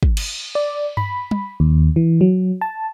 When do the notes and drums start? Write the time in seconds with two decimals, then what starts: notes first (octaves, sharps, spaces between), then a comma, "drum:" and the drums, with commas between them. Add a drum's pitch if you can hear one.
0.03 drum: kick
0.17 drum: cymbal
0.55 D5
0.97 B5, drum: tom G2
1.31 drum: tom
1.60 D#2
1.96 E3
2.21 F#3
2.61 A5